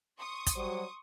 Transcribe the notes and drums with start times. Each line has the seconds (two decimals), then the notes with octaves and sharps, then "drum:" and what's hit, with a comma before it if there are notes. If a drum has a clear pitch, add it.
0.18 C6 C#6 D#6
0.47 drum: kick, hi-hat
0.56 F#3 G3 C5